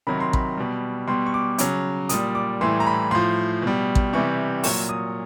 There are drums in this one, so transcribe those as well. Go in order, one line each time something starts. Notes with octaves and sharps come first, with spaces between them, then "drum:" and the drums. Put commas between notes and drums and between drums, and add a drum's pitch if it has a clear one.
C3 D#3 F#3 B5
C6
B5, drum: kick A1
B2 G3
B2 G3 C6
C#6
D6
C#3 F#3, drum: hi-hat
A#2 G3 D#6, drum: hi-hat
D6
A2 E3 G3 C6
A#5
B5
A2 F3 C6
B2 G3
drum: kick A1
C3 E3 G3 C#6
A#2 F#3 C#6, drum: open hi-hat
D#6